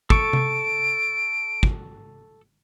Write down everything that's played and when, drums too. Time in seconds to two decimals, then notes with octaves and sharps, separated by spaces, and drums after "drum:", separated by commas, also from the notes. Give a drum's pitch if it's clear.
0.10 A4 C#6 D7, drum: kick
0.33 drum: tom C3
1.63 drum: kick